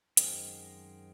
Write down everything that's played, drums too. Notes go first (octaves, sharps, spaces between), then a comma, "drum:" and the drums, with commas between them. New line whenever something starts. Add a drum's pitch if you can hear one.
F#2 D#3 G#3 C4, drum: hi-hat